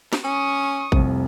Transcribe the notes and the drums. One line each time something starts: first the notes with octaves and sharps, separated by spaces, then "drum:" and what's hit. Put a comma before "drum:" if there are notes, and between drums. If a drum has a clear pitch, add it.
drum: snare
C#4 C#6 D#6
F1 C2, drum: kick A1